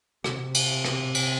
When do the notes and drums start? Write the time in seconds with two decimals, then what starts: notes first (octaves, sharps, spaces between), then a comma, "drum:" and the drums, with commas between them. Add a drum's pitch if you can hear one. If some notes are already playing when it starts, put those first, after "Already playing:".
0.24 C3, drum: rim click
0.54 drum: cymbal
0.85 drum: rim click
1.15 drum: cymbal